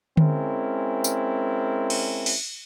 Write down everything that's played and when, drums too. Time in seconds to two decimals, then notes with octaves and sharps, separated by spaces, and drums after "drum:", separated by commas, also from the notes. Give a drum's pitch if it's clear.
0.17 G#3 C4 C#4 E4 A#4, drum: tom D3
1.04 drum: tambourine
1.90 drum: cymbal
2.26 drum: open hi-hat